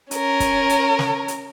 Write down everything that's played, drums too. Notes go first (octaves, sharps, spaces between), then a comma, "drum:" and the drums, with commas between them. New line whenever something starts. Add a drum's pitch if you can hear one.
C#4 A#4, drum: hi-hat
drum: kick, hi-hat
drum: hi-hat
drum: snare
drum: hi-hat